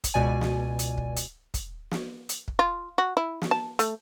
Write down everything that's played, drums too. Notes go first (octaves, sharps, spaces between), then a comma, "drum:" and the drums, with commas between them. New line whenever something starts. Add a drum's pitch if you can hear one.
drum: kick, hi-hat
C#2 B2 D5 G#5
drum: snare
drum: hi-hat
drum: kick
drum: hi-hat
drum: kick, hi-hat
drum: snare
drum: hi-hat
drum: kick
F4
F#4
E4
drum: snare
A5
A3, drum: hi-hat